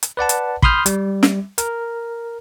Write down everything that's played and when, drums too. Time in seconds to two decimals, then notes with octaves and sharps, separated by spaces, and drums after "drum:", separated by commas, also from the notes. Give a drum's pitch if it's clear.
0.03 drum: hi-hat
0.17 B4 D5 F#5 A5
0.29 drum: hi-hat
0.62 B5 C6 D#6 F6 G6, drum: kick
0.86 G3, drum: hi-hat
1.23 drum: snare
1.58 A#4, drum: hi-hat